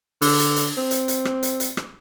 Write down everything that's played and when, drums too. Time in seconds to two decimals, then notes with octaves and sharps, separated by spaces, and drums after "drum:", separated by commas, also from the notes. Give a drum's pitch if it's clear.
0.22 D3, drum: open hi-hat
0.39 drum: hi-hat
0.56 drum: hi-hat
0.77 C4
0.91 drum: hi-hat
1.08 drum: hi-hat
1.25 drum: rim click
1.43 drum: hi-hat
1.60 drum: hi-hat
1.77 drum: rim click